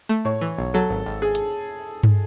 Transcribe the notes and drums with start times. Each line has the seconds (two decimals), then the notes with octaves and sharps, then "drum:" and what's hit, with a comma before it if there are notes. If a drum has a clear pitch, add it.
0.09 A3
0.25 A2 C#5
0.41 E3
0.58 B1
0.74 F#3 A4
0.90 G#1
1.06 G#1
1.22 G#4
1.35 drum: hi-hat
2.03 drum: tom G2